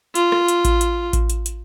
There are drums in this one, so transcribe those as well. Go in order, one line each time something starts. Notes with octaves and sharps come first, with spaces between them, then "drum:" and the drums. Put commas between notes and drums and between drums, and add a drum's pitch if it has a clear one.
F4, drum: hi-hat
drum: rim click
drum: hi-hat
drum: kick A1, hi-hat
drum: hi-hat
drum: kick A1, hi-hat
drum: hi-hat
drum: hi-hat